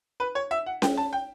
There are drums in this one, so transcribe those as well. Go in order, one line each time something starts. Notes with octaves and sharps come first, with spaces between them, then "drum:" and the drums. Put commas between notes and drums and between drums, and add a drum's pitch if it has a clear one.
B4
C#5
E5
F#5
G5, drum: snare C#4
A5
G5